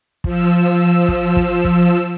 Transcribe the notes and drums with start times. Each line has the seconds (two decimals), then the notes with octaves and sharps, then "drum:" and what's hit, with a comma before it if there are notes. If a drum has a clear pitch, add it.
0.24 F3 E6, drum: kick
1.08 drum: kick
1.36 drum: kick
1.65 drum: kick